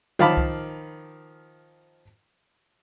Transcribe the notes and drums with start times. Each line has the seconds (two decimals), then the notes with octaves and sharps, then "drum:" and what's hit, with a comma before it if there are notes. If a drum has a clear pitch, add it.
0.19 D#3 F3 F5 A5 B5 D6, drum: tom F#3
0.37 drum: kick C2